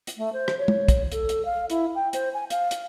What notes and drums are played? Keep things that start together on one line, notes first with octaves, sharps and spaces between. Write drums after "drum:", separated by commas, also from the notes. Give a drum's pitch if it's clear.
drum: hi-hat
A3
C5
drum: rim click
C#5
drum: tom
drum: kick, hi-hat
A4, drum: hi-hat
drum: hi-hat
F5
E4, drum: hi-hat
G5
C5, drum: hi-hat
G#5
F5, drum: hi-hat
drum: hi-hat